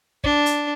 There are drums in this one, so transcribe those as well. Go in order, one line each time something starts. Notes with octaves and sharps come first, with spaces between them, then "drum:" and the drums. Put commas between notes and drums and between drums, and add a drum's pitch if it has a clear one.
D4, drum: kick
drum: hi-hat